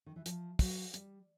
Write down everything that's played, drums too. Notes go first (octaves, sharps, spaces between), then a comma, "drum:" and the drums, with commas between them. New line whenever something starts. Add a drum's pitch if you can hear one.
D#3
E3
F3, drum: hi-hat
F#3, drum: kick, open hi-hat
G3, drum: hi-hat